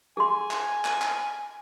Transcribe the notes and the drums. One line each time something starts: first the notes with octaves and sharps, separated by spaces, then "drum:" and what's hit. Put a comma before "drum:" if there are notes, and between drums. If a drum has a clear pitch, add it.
G#4 G#5 C6
drum: clap
drum: clap
drum: clap